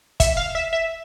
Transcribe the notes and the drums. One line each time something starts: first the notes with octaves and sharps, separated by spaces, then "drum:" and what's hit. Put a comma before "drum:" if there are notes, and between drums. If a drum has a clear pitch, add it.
E5, drum: kick, hi-hat
F5
E5
E5